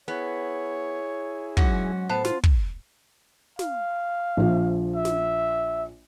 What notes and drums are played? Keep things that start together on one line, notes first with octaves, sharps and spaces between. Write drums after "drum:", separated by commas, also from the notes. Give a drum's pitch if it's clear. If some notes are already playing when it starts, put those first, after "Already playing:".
B3 E4 G#4 C#5
G#2 F#3 C#4 F#4, drum: kick
A2 B3 C5 A5
F4, drum: snare
drum: kick
F5, drum: snare
A#1 F3
E5
drum: snare